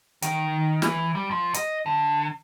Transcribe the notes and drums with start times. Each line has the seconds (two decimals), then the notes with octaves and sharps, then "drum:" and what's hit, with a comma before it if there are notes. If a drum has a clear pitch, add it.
0.22 D#3, drum: hi-hat
0.82 E3, drum: snare
1.15 G3
1.31 F3
1.54 D#5, drum: hi-hat
1.86 D3